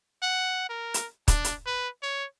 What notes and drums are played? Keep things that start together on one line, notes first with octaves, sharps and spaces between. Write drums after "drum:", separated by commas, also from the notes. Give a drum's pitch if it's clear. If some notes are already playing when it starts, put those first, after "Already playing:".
F#5
A#4
drum: hi-hat
D4, drum: kick, hi-hat
drum: hi-hat
B4
C#5